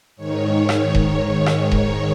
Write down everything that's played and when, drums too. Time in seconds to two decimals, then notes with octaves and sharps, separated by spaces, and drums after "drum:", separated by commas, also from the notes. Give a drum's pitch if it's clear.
0.16 G#2 D#3 C#5
0.69 drum: rim click
0.95 drum: kick D#1
1.46 drum: rim click
1.72 G#2 D#3 C#5, drum: kick D#1